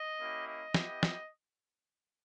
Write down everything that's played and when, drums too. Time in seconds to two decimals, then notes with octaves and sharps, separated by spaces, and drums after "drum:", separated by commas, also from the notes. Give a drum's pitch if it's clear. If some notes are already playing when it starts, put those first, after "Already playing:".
Already playing: D#5
0.19 A#3 C#4 E4 G4
0.46 D#5
0.74 B3 E4 G4, drum: snare
1.03 drum: snare